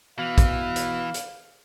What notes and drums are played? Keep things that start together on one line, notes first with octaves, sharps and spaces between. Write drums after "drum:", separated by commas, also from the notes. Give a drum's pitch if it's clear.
B2 E3 F5
drum: kick A1, hi-hat
drum: hi-hat
drum: hi-hat